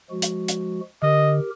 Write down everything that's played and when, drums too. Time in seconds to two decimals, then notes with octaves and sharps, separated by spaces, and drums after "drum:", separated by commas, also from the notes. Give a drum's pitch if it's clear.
0.10 F3 G#3 F#4
0.22 drum: hi-hat
0.48 drum: hi-hat
1.02 D3 G4 A#4 D#5